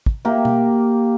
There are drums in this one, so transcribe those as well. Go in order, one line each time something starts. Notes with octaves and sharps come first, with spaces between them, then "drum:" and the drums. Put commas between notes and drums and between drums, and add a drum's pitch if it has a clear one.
drum: kick
A#3 G4
drum: tom B2